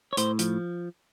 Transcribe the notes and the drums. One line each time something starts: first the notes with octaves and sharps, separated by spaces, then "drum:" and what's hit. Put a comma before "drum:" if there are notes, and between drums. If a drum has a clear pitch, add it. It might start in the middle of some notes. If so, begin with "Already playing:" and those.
C#5
A2 C5, drum: hi-hat
F3, drum: hi-hat